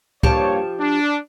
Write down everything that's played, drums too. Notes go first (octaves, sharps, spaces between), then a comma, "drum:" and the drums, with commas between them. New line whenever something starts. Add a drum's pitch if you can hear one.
G2 F3 A#3 G4 C#5 A5, drum: kick
D4